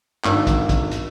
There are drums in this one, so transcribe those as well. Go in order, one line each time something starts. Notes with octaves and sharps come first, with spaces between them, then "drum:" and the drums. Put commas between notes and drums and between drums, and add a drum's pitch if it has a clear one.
G#1 D4 E6, drum: clap
drum: kick, hi-hat
drum: kick, hi-hat
drum: hi-hat